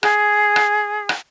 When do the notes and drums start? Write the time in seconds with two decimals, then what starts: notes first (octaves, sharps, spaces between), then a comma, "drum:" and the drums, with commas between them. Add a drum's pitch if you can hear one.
0.03 G#4, drum: rim click
0.56 drum: rim click
1.09 drum: rim click